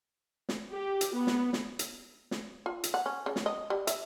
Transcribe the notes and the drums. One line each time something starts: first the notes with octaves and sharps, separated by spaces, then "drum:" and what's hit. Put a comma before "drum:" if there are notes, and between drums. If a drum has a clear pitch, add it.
drum: snare
G4
drum: hi-hat
B3
drum: snare
drum: snare
drum: hi-hat
drum: snare
F4
drum: hi-hat
F#5
C#4
C#3
drum: snare
D#5
G3
E5, drum: hi-hat